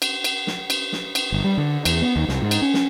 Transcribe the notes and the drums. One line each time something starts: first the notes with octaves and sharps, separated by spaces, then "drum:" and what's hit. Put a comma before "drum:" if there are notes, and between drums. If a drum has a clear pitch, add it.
drum: cymbal
drum: cymbal
drum: snare
drum: cymbal
drum: snare
drum: cymbal
G1
G3
D3
E2, drum: cymbal
B3
D#2
C2, drum: snare
G#2
drum: cymbal
C#4
drum: snare